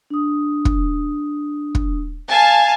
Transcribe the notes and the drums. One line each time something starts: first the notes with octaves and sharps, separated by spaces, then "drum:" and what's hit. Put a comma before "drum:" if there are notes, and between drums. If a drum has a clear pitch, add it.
D4 D#6
drum: kick
drum: kick
F5 G#5 A5